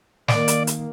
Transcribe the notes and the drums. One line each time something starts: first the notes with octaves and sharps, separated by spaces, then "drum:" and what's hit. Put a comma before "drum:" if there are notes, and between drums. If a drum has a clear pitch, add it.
D#3 A#3 D5, drum: snare
drum: hi-hat
drum: hi-hat